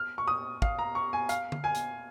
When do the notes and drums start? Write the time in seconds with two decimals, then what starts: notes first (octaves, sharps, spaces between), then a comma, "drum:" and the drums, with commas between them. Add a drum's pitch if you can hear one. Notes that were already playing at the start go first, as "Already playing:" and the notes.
Already playing: F6
0.18 C#6
0.28 D#6
0.62 F5, drum: kick
0.79 A#5
0.95 C#6
1.13 G#5
1.29 F5, drum: hi-hat
1.52 drum: tom D3
1.64 G#5
1.75 drum: hi-hat